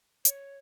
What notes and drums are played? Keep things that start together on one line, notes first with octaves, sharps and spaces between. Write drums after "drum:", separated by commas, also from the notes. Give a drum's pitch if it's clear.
C#5, drum: hi-hat